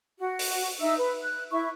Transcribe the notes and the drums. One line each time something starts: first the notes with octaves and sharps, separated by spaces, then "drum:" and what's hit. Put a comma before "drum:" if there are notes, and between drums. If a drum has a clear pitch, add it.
F#4
drum: open hi-hat
D#4 E5 E6
B4
F#6
E4 E5 C#6